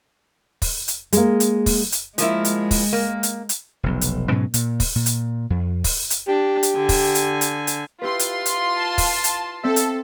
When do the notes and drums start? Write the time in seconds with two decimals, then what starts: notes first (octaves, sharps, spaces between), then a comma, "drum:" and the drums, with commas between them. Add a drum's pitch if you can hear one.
0.62 drum: kick, open hi-hat
0.88 drum: hi-hat
1.13 G#3 A#3, drum: hi-hat
1.40 drum: hi-hat
1.66 drum: kick, open hi-hat
1.92 drum: hi-hat
2.18 F3 G#3 A#3 E4, drum: hi-hat
2.45 drum: hi-hat
2.71 drum: kick, open hi-hat
2.93 A#3
3.23 drum: hi-hat
3.49 drum: hi-hat
3.83 F1 B1
4.01 drum: hi-hat
4.30 G#2 B2 F#3 C#4
4.54 A#2, drum: hi-hat
4.80 drum: kick, open hi-hat
4.96 A#2
5.06 drum: hi-hat
5.50 F2
5.84 drum: kick, open hi-hat
6.10 drum: hi-hat
6.28 D4 G4
6.63 drum: hi-hat
6.76 D3 G#5
6.89 drum: kick, open hi-hat
7.15 drum: hi-hat
7.41 drum: hi-hat
7.67 drum: hi-hat
8.01 E4 F4 G4 B4 C6
8.19 drum: hi-hat
8.46 drum: hi-hat
8.76 A5
8.98 drum: kick, open hi-hat
9.24 drum: hi-hat
9.63 C4 A4 E5
9.76 drum: hi-hat